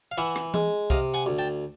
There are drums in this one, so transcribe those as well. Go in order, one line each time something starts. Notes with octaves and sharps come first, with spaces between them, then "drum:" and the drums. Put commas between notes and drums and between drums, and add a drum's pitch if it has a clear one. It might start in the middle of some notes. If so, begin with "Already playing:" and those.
F5
E3 E5 F#5
drum: rim click
G#3, drum: tom E3
C3 D#5 F5, drum: kick C2
F#5 G#5
D2
G5 A5